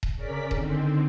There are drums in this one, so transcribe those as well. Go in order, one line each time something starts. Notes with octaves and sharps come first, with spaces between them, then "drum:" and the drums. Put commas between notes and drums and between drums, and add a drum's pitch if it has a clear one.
drum: kick D#1
C#3 C#4 A#4 D5 B6
D3 D#3 C4, drum: kick D#1